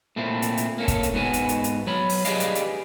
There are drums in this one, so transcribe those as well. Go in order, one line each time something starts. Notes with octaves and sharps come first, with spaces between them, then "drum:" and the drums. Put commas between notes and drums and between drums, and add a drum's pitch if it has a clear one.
A#2 A3 C4 E4
drum: hi-hat
drum: hi-hat
A#3 C#4 A4
drum: kick, hi-hat
drum: hi-hat
G#2 B3 F#4 G#5
drum: hi-hat
drum: hi-hat
drum: hi-hat
F#3 C#5 B5
drum: open hi-hat
G4 G#4 B4 D5 D#5 F5, drum: hi-hat
drum: hi-hat
drum: hi-hat